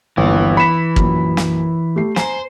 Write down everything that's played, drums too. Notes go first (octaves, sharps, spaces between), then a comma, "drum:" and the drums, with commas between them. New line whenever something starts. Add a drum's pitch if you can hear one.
G1 D#2 E3
B5 B6 C#7 E7
A#1 F#2, drum: kick
drum: snare
A3 G4 C7
C5 G#5 A#5 C7, drum: snare